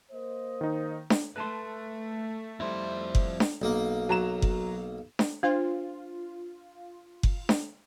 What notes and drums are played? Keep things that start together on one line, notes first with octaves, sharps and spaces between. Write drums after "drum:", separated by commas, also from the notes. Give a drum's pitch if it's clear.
A#3 C5 D#5
D#3 D#4
drum: snare D4
A3 B4 A5 C6
F2 G3 E4 C5
drum: kick F#1
drum: snare D4
B1 A#3
F#3 A#5 E7
drum: kick F#1
drum: snare D4
D4 F4 C5
drum: kick F#1
drum: snare D4